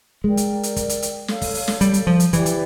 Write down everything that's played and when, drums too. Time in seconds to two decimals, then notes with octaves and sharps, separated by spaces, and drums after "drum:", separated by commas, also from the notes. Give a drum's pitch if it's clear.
0.24 G#3 A#4 D5 G5
0.37 drum: hi-hat
0.63 drum: hi-hat
0.76 drum: kick, hi-hat
0.89 drum: hi-hat
1.02 drum: hi-hat
1.28 A4 C#5 F5, drum: snare
1.42 drum: kick, open hi-hat
1.55 drum: open hi-hat
1.68 drum: snare
1.81 G3, drum: hi-hat
1.94 drum: hi-hat
2.07 F3
2.20 drum: hi-hat
2.33 E3 E4 G4 B4 D5, drum: kick, hi-hat
2.46 drum: hi-hat